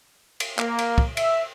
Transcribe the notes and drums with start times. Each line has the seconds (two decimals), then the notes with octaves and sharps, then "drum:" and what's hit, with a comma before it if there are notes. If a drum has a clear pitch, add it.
0.40 drum: cymbal
0.58 A#3, drum: clap
0.79 drum: cymbal
0.98 drum: kick
1.17 E5, drum: cymbal